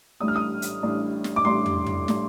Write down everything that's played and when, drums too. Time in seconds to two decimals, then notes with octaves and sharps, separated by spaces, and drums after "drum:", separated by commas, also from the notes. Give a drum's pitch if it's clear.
0.20 A1 A2 G3 D4 D#6
0.28 F6
0.36 D#6
0.62 drum: hi-hat
0.83 A1 A2 G3 D4
1.24 drum: snare
1.36 D6
1.45 A1 A2 G3 D4 C6
1.66 drum: tom
1.87 drum: tom
2.08 A2 G3 D4, drum: snare